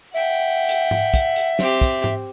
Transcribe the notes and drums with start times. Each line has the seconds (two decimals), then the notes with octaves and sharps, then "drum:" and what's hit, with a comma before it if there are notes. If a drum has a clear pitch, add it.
0.14 E5 F#5 G5
0.68 drum: hi-hat
0.91 drum: tom G#2
1.14 drum: kick, hi-hat
1.36 drum: hi-hat
1.59 C4 G4, drum: snare
1.81 drum: kick, hi-hat
2.04 drum: tom G#2